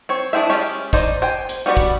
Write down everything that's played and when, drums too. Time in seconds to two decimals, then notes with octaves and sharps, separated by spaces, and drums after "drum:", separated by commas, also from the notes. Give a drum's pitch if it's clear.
0.09 C4 C#5
0.33 D4 E4 G#4 C5 E5
0.49 G#3 C#4 F4 G4
0.93 D#4 C5 D5, drum: kick
1.22 C5 G5 G#5
1.49 drum: hi-hat
1.66 G3 B3 F#4 G#4 D5
1.77 drum: kick